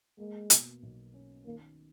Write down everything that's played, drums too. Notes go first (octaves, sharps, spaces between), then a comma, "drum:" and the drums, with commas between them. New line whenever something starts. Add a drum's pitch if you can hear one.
G#3 A#3
B2, drum: hi-hat
B1
C#4
D#3 A#3